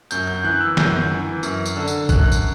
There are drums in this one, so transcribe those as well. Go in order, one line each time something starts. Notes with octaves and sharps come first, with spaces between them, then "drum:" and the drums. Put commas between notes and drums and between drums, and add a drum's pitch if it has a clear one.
F#2 G6, drum: tambourine
G6
E3 F#6
E6
F#2 G6, drum: snare
E3
F#2, drum: tambourine
drum: tambourine
D3
drum: tambourine
F#2 F#6, drum: kick, tambourine
drum: tambourine